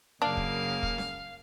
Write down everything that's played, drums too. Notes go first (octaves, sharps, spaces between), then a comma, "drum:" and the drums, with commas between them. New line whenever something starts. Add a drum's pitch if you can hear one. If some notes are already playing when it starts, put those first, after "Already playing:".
F#2 C#3 A#3 D4 F5
drum: kick
drum: kick
drum: snare C#4